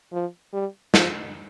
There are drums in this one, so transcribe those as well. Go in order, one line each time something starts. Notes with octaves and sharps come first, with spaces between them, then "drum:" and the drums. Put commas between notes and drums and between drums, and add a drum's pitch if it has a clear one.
F3
G3
F3, drum: snare